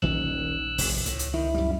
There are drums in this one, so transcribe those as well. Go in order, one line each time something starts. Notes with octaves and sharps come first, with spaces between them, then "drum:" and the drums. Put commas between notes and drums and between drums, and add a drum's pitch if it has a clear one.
D#1 A#1 D#3 C#4 E6 F#6
F1 A2, drum: open hi-hat
C#2 A2, drum: hi-hat
drum: hi-hat
D#3 E4
F#2 G3